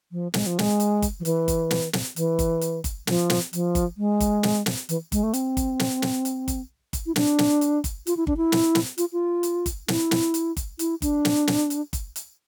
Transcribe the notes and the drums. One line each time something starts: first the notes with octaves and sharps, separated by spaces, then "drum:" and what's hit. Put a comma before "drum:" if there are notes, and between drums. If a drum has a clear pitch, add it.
F3
G#3, drum: snare
F3
G#3, drum: snare
drum: hi-hat
drum: kick G1, hi-hat
F3
E3, drum: hi-hat
drum: kick G1, hi-hat
drum: snare
drum: snare
E3, drum: hi-hat
drum: kick G1, hi-hat
drum: hi-hat
drum: kick G1, hi-hat
F3, drum: snare
drum: snare
F3, drum: hi-hat
drum: kick G1, hi-hat
G#3
drum: kick G1, hi-hat
drum: snare
drum: snare
E3, drum: hi-hat
G#3, drum: kick G1, hi-hat
A3
C4, drum: hi-hat
drum: kick G1, hi-hat
drum: snare
drum: snare
drum: hi-hat
drum: kick G1, hi-hat
drum: kick G1, hi-hat
E4
D4, drum: snare
drum: snare
drum: hi-hat
drum: kick G1, hi-hat
F4, drum: hi-hat
E4
D4, drum: kick G1
E4
drum: snare
drum: snare
F4, drum: hi-hat
F4
drum: hi-hat
drum: kick G1, hi-hat
E4, drum: snare
drum: snare
drum: hi-hat
drum: kick G1, hi-hat
E4, drum: hi-hat
D4, drum: kick G1, hi-hat
drum: snare
drum: snare
drum: hi-hat
drum: kick G1, hi-hat
drum: hi-hat